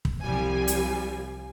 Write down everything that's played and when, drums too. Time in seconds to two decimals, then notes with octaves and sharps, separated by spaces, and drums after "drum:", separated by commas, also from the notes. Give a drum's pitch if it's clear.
0.05 drum: kick
0.23 C2 F3 G3 G#5
0.68 drum: hi-hat